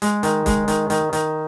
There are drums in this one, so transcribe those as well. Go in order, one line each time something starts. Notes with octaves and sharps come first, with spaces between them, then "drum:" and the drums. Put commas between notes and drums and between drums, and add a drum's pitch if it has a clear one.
G#3, drum: hi-hat
D#3, drum: hi-hat
G#3, drum: kick C#1, hi-hat
D#3, drum: hi-hat
D#3, drum: hi-hat
D#3, drum: hi-hat